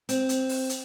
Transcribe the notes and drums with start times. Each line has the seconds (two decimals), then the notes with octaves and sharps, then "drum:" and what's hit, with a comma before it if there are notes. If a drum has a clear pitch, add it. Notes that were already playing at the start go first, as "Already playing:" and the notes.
0.09 C4, drum: hi-hat
0.29 drum: hi-hat
0.49 drum: open hi-hat
0.69 drum: hi-hat